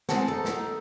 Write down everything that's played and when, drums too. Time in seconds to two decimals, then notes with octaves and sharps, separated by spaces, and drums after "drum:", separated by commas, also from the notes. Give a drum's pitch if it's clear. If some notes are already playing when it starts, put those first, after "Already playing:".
0.09 G#3 C4 F#5 A5, drum: snare
0.28 D#4 A4
0.45 drum: snare